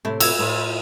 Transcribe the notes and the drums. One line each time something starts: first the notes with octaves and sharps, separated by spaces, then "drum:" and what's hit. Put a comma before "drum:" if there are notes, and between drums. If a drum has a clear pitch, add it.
A2 C3 A3 C4 E4
F#4 E6 G#6, drum: cymbal
A2 F3 E4 F4